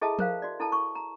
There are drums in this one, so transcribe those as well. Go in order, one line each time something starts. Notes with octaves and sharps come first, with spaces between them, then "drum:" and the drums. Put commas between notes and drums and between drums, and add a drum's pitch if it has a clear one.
E4 G#4 A4 D#5 E5 A5
A#4 C5 F5, drum: tom F3
F#4 D5
E4 A4 A5
C#6
A#5